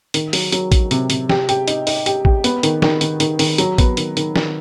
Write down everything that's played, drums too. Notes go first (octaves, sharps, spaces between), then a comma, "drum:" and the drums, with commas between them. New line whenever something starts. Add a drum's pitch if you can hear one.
D#3, drum: hi-hat
F#3, drum: open hi-hat
F#3, drum: hi-hat
F#3, drum: kick, hi-hat
C3, drum: hi-hat
C3, drum: hi-hat
G4, drum: snare
G4, drum: hi-hat
D#4, drum: hi-hat
D#4, drum: open hi-hat
G4, drum: hi-hat
G4, drum: kick
B3, drum: hi-hat
D#3, drum: hi-hat
D#3, drum: snare
D#3, drum: hi-hat
D#3, drum: hi-hat
D#3, drum: open hi-hat
F#3, drum: hi-hat
B3, drum: kick, hi-hat
D#3, drum: hi-hat
D#3, drum: hi-hat
D#3, drum: snare